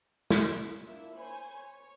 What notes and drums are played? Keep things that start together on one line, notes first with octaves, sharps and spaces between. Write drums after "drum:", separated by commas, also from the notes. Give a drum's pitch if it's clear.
drum: snare
D4
A#3 D4 E4 F4 E5
C5 C#5 G#5 B5
C#5